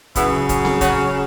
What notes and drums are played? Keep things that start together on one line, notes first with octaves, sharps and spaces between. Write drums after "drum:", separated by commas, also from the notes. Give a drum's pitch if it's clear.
C#3 F#3 B3 E4, drum: kick, hi-hat
C#4, drum: kick, hi-hat
drum: snare C4
C#4 F#4, drum: kick, hi-hat